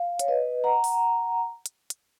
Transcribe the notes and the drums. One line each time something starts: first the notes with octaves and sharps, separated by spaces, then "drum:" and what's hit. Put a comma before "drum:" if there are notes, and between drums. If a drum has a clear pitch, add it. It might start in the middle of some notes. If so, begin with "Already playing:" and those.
Already playing: F5
C#5, drum: hi-hat
B4 D#5
F#5 A#5
drum: open hi-hat
drum: hi-hat
drum: hi-hat